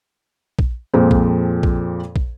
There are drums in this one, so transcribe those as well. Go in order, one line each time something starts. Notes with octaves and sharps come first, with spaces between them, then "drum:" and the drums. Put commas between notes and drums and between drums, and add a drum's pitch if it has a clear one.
drum: kick
F2 A#2 F3 G#3 C4
drum: kick
drum: kick
drum: kick